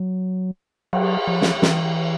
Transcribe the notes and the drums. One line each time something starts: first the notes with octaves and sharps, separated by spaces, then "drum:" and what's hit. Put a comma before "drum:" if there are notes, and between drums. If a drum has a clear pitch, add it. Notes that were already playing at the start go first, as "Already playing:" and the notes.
Already playing: F#3
F#3, drum: cymbal
F3
drum: snare
E3, drum: snare